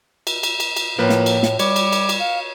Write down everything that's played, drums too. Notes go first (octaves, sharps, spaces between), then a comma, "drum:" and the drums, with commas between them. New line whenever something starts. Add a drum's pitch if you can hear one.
drum: cymbal
drum: cymbal
drum: cymbal
drum: cymbal
A2 F3 A#3 B4
drum: snare
drum: cymbal
drum: snare
G3 C#5 D6, drum: cymbal
drum: cymbal
drum: cymbal
drum: cymbal
F5